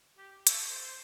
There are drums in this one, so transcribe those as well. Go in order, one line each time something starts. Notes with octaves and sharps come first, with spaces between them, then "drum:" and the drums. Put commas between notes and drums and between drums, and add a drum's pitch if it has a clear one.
G4
A4, drum: hi-hat
C5
C5